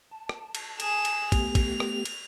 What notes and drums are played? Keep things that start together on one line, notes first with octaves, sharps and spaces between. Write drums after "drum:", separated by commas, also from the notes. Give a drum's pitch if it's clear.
A5
drum: rim click
drum: cymbal
G#4 E7, drum: cymbal
drum: cymbal
A3 B3 G4 F7, drum: kick, cymbal
drum: kick, cymbal
drum: rim click
drum: cymbal